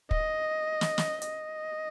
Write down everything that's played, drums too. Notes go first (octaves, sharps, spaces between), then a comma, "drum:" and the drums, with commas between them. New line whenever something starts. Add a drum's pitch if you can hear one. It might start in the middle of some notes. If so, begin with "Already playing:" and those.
D#5, drum: kick
drum: snare
drum: snare
D#5, drum: hi-hat